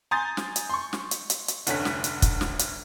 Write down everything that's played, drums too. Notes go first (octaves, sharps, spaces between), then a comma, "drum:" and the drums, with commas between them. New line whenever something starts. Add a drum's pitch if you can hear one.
G#5 A#5 C6 D#6 G6 A6
drum: snare
drum: hi-hat
C6 C#6
drum: snare
drum: hi-hat
drum: hi-hat
drum: hi-hat
F1 D2 D3 C#4 F#6 B6, drum: hi-hat
drum: snare
drum: hi-hat
drum: kick, hi-hat
drum: snare
drum: hi-hat